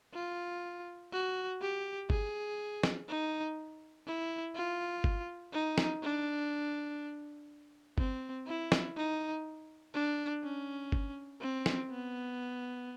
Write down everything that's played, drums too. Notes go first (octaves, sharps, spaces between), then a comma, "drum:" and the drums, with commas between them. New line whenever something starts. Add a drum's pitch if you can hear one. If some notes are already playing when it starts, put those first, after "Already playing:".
F4
F#4
G4
G#4, drum: kick G1
drum: snare
D#4
E4
F4
drum: kick G1
D#4
drum: snare
D4
C4, drum: kick G1
E4
drum: snare
D#4
D4
C#4
drum: kick G1
C4
drum: snare
B3